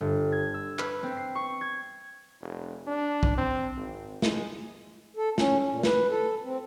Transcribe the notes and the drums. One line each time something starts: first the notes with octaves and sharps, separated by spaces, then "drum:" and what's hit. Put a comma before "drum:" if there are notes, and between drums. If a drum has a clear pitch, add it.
G1
G#6
E6
B4, drum: clap
C4
C7
C#6
G#6
F1
D4
drum: kick
C4
G#1
G#3, drum: snare
A4
C#4, drum: snare
A#2
B4, drum: snare
A4
C4